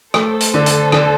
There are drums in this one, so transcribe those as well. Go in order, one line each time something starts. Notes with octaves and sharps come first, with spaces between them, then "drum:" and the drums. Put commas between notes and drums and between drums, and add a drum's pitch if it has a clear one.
A3 A4 C5, drum: rim click
drum: hi-hat
D3
drum: hi-hat
D3, drum: rim click